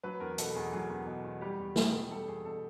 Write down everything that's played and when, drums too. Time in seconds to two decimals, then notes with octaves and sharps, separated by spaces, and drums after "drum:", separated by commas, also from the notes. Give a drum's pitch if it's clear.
0.03 F#3 B4
0.20 E2 A#4
0.38 B2 A4, drum: hi-hat
0.55 E2 G#4
0.72 F#3 G#4
0.90 E2
1.07 B2
1.24 E2
1.41 G3 G4
1.60 E2
1.76 B2 G#4, drum: snare
1.94 E2
2.11 G3 A4
2.28 E2 G#4
2.45 B2 A4